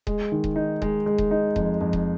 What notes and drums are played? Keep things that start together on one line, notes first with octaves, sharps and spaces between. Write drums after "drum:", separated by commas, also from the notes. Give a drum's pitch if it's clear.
G#3, drum: kick D#1
D#3
drum: kick D#1
D#4
G#3, drum: kick D#1
G#3
drum: kick D#1
D#4
F2, drum: kick D#1
F2
drum: kick D#1